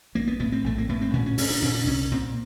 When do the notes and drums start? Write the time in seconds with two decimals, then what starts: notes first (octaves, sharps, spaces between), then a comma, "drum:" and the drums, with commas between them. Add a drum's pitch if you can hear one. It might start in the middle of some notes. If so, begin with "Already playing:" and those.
0.15 A#1 A#3
0.28 B3
0.40 A2 B3
0.52 C4
0.64 A#1 A3
0.78 A#3
0.89 A2 B3
1.01 C4
1.13 A#2 C#4
1.26 C#4
1.38 A#2 C#4, drum: open hi-hat
1.50 D4
1.62 A#2 C#4
1.75 D4
1.87 C2 C#4
2.12 A#2 C4